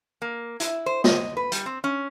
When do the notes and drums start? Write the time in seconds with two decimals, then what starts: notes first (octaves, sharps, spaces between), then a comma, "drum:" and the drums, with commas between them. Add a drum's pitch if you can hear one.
0.22 A#3
0.60 E4, drum: hi-hat
0.86 C5
1.04 D#5, drum: snare
1.37 B4
1.52 G3, drum: hi-hat
1.66 C4
1.84 C#4